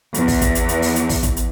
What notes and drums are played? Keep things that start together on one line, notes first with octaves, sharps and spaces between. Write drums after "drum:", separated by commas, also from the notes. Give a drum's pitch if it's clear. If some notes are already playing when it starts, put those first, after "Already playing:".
E2, drum: hi-hat
drum: kick, open hi-hat
drum: kick, hi-hat
drum: hi-hat
drum: hi-hat
drum: open hi-hat
drum: hi-hat
drum: kick, open hi-hat
drum: kick, hi-hat
drum: hi-hat